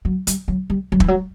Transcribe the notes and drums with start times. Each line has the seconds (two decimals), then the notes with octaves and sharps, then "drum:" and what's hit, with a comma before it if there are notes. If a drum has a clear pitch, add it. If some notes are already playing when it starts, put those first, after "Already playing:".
0.05 F#3
0.27 G3, drum: hi-hat
0.48 F#3
0.70 G3
0.92 F#3
1.00 E3, drum: kick
1.08 F#3